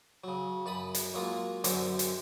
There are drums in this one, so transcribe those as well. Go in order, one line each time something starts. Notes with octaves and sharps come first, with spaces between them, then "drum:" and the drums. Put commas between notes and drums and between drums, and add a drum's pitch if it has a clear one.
C#3 F#3
F#2 A5 B5 D#6
drum: hi-hat
F#3 G#3 A#3 F4
F#2 D3 F#3 C4 C#4, drum: hi-hat
drum: hi-hat